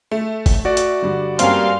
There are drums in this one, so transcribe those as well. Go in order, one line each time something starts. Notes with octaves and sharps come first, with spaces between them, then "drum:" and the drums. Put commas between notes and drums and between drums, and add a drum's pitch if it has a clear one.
A3
drum: kick, open hi-hat
F#4 D5
drum: hi-hat
G2 D3
G2 A#3 C4 C#4 G4 A#4 F5 C6, drum: hi-hat